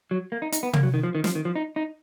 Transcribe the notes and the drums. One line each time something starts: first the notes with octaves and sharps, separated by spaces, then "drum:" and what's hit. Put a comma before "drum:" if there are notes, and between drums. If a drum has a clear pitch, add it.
F#3
A#3
D#4
D#4, drum: hi-hat
B3
A#3, drum: tom
F#3
D#3
F3
D#3
F3, drum: snare
D#3
F3
D#4
D#4